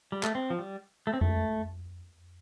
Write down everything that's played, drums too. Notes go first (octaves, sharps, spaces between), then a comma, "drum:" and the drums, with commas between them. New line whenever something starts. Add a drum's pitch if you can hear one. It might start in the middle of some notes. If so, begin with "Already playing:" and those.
G3
A3, drum: clap
C4
F3
G3
A3
C4
A3, drum: tom F2